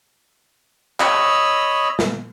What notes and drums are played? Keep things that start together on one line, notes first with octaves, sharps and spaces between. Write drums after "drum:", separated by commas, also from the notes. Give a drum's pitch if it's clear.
C#5 D#5 B5 E6, drum: clap
drum: snare